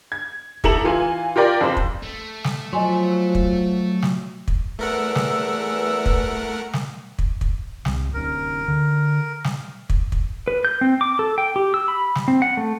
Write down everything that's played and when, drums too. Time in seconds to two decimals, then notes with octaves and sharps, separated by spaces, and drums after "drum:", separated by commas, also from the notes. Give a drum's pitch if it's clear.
0.12 G#6
0.64 A1 E4 A4 A#5 E7 F#7, drum: kick
0.84 E3 F4 G#5
1.36 F4 G4 A#4 D5 G5
1.61 F2 C#3 C5
1.77 drum: kick
2.02 A3
2.44 drum: snare
2.73 F3 F#3 D#5 G#5 C6
3.35 drum: kick
4.02 drum: snare
4.48 drum: kick
4.79 E2 E3 A3 A#4 F#5 E6
5.15 drum: snare
6.06 drum: kick
6.73 drum: snare
7.19 drum: kick
7.41 drum: kick
7.85 C2, drum: snare
8.14 D1 C#4 A#4
8.68 D3
9.44 drum: snare
9.90 drum: kick
10.12 drum: kick
10.48 B4
10.65 G6
10.81 C4
11.01 D6
11.19 A4
11.38 G5
11.56 G4
11.74 E6
11.88 B5
12.15 drum: snare
12.28 C4
12.42 F#5
12.57 A3